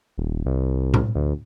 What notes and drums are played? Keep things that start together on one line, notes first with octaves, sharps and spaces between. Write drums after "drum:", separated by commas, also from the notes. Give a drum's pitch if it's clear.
D#1
C2
drum: tom A2
D2